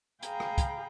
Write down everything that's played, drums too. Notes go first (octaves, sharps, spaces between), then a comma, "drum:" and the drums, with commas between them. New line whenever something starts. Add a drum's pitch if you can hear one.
G#4 F5 G5 A#5 B5, drum: hi-hat
drum: rim click
drum: kick, hi-hat